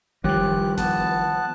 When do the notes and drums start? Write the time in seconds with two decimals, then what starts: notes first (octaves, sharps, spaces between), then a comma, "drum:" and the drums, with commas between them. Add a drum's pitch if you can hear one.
0.24 D#3 F3 G3 G4 F#6, drum: kick F#1
0.78 B3 A5 F#6, drum: snare G1